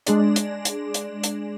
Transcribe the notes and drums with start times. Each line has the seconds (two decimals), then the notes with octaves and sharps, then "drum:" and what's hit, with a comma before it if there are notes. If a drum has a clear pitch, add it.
0.06 G#3 D4 G#4 D5, drum: hi-hat
0.36 drum: hi-hat
0.65 drum: hi-hat
0.94 drum: hi-hat
1.23 drum: hi-hat